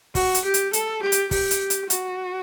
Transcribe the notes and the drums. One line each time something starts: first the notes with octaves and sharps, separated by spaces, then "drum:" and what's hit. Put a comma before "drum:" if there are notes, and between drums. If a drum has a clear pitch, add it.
F#4, drum: kick, open hi-hat
drum: hi-hat
G4
drum: hi-hat
A4, drum: hi-hat
G4
drum: hi-hat
G4, drum: kick, open hi-hat
drum: hi-hat
drum: hi-hat
F#4, drum: hi-hat